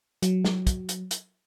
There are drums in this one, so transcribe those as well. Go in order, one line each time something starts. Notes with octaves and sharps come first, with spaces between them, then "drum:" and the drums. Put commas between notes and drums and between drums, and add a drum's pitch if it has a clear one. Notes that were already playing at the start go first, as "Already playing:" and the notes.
F#3, drum: hi-hat
drum: snare
drum: kick, hi-hat
drum: hi-hat
drum: hi-hat